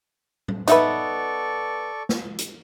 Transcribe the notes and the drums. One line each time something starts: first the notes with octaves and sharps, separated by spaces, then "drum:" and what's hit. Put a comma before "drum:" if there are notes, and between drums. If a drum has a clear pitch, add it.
drum: tom A2
B3 D#4 A4 B4 D5 E5 C#6, drum: hi-hat
drum: snare
drum: hi-hat